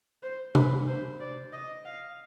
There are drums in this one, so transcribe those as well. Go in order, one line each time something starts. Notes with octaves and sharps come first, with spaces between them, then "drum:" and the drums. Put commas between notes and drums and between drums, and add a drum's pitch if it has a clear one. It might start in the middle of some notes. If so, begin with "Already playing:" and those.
C5
B4, drum: tom C3
C5
D5
D#5
F5